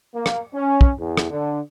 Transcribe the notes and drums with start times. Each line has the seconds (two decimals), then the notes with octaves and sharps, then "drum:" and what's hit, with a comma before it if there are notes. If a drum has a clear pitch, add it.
0.14 A#3
0.26 drum: rim click
0.54 C#4
0.81 drum: kick
0.99 E2
1.17 drum: rim click
1.30 D3